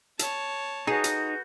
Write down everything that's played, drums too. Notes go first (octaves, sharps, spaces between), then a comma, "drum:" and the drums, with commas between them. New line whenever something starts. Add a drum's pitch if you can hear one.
C#5 A5, drum: hi-hat
D#4 F#4 G#4 B4 G6
drum: hi-hat